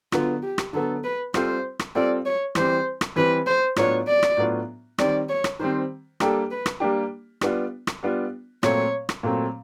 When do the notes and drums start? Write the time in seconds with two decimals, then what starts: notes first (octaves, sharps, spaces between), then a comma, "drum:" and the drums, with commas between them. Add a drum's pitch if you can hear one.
0.12 D3 F#3 B3 F4, drum: rim click
0.42 G4
0.58 drum: rim click
0.73 D3 F#3 B3 A4
1.04 B4
1.34 G3 C4 F4 A4 C5, drum: rim click
1.79 drum: rim click
1.95 G3 C4 F4 A4 D5
2.25 C#5
2.55 E3 G3 C4 C5, drum: rim click
3.01 drum: rim click
3.16 E3 G3 C4 B4
3.46 C5
3.76 A2 F#3 B3 D4 F4 C#5, drum: rim click
4.07 D5
4.23 drum: rim click
4.37 A2 F#3 B3 D4 F4
4.98 D#3 G3 C4 D5, drum: rim click
5.29 C#5
5.44 drum: rim click
5.59 D#3 G3 C4 C5
6.20 G3 A#3 D4 G4 A4, drum: rim click
6.51 B4
6.66 drum: rim click
6.80 G3 A#3 D4 G4
7.41 G3 B3 D4 F4, drum: rim click
7.87 drum: rim click
8.03 G3 B3 D4 F4
8.63 A#2 F#3 A3 C4 C#5, drum: rim click
9.09 drum: rim click
9.23 A#2 F#3 A3 C4